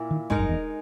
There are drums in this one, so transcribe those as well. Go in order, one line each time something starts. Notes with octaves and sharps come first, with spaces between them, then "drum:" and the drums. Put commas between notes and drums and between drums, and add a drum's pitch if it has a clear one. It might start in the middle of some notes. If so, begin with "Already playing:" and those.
Already playing: A#2 A#3 E4
D#3
G#2 G#3 D#4 A#4, drum: kick
F#2
E2